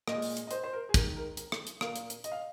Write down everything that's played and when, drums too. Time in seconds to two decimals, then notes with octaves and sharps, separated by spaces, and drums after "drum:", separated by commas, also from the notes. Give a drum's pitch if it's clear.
0.08 A#2 G#3 D#5, drum: rim click
0.22 drum: open hi-hat
0.37 drum: hi-hat
0.47 D#5
0.51 C5, drum: hi-hat
0.64 C5
0.73 A#4
0.89 G#4
0.94 D#3 G#3 A#4, drum: kick, hi-hat
1.16 A#4
1.37 A#4, drum: hi-hat
1.52 drum: rim click
1.67 drum: hi-hat
1.81 A#2 A#3 F5, drum: rim click
1.96 drum: hi-hat
2.10 drum: hi-hat
2.24 D#5, drum: hi-hat
2.32 F5